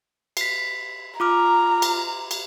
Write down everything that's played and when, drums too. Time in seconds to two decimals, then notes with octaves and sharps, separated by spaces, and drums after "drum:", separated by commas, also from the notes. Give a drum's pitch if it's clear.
0.37 B6 C7, drum: cymbal
1.20 F4 A#5 D6 F6
1.82 drum: cymbal
2.31 drum: cymbal